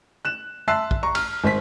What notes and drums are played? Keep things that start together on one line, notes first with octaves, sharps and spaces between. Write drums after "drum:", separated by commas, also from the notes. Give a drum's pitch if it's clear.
F#6 E7
E5 A5 C6 E6 F#6 C7
drum: kick
A#5 C#6
F6, drum: cymbal
G#1 C5 B6